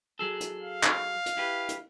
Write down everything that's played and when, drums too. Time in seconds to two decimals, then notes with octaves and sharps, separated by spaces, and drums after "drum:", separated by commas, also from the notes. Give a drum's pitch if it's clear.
0.19 F#3 G#4 A4
0.41 drum: hi-hat
0.62 F5
0.83 drum: clap
1.26 drum: hi-hat
1.37 E4 G4 B4
1.69 drum: hi-hat